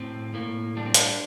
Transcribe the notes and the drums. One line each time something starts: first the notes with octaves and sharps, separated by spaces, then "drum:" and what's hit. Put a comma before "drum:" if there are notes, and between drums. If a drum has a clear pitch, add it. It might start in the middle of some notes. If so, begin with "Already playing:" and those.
Already playing: A2 C4
A2 A#3
G3 D4
C4
D4, drum: hi-hat